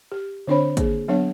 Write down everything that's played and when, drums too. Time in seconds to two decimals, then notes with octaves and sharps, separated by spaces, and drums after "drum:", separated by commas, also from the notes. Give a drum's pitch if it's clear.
0.12 G4
0.48 D3 C4 D4 C5 C#5 B5
0.77 A#3 G#4, drum: kick, hi-hat
1.08 F#3 B3 D4 C#5 F#5